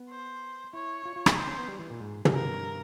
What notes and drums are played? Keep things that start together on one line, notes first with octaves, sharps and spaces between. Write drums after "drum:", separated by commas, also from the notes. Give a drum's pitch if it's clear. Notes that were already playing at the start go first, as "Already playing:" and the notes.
Already playing: B3
C5
E4 C#5
F4
F4
E4, drum: rim click
D#4 C5
C#4
B3
G3
E3
A#2
G#2
G#2, drum: tom
G2 A#4